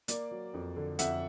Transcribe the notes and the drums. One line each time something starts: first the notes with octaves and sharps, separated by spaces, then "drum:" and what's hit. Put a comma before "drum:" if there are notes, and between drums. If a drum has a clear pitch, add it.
A#3 D5, drum: hi-hat
F#3
F2
D3
F2 E5 F#5, drum: hi-hat